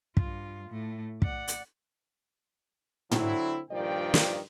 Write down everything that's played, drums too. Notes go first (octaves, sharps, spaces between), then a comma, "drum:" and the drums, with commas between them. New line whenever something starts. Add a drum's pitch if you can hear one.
G2 F4, drum: kick
A2 A3
D5 F#5, drum: kick
drum: hi-hat
D3 F#3 C4 E4, drum: tom
G2 A#2 D#3 F3 D5 G5
drum: snare